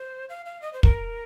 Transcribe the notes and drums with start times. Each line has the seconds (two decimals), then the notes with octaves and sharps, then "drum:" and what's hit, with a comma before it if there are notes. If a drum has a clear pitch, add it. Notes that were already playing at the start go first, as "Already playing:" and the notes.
Already playing: C5
0.29 F5
0.46 F5
0.62 D#5
0.73 C5
0.83 A#4, drum: kick